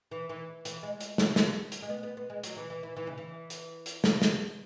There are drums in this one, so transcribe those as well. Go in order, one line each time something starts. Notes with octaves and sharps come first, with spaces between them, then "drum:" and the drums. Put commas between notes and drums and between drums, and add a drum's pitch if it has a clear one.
E3
E3
E3, drum: hi-hat
G#3
drum: hi-hat
drum: snare
drum: snare
drum: hi-hat
G#3
B3
B3
B3
G#3
F#3, drum: hi-hat
E3
E3
E3
E3
C#3
E3
drum: hi-hat
drum: hi-hat
drum: snare
drum: snare